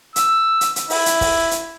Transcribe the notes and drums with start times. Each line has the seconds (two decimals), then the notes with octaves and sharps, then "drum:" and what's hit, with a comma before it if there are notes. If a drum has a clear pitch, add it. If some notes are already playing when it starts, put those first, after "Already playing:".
0.16 E6, drum: hi-hat
0.61 drum: hi-hat
0.76 drum: hi-hat
0.90 E4, drum: open hi-hat
1.06 drum: hi-hat
1.21 drum: kick, open hi-hat
1.51 drum: hi-hat